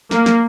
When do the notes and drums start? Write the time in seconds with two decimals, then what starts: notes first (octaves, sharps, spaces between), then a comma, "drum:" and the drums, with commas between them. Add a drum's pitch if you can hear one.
0.11 A#3, drum: snare
0.26 drum: snare